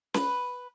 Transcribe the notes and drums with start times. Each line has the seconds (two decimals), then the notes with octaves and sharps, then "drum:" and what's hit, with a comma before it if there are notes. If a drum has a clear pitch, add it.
0.14 B4, drum: snare C#4